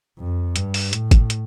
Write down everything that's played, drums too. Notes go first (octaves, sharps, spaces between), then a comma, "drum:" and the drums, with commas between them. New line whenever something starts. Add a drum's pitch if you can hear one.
F2
G2, drum: hi-hat
drum: open hi-hat
A2, drum: hi-hat
drum: kick G#1, hi-hat
drum: hi-hat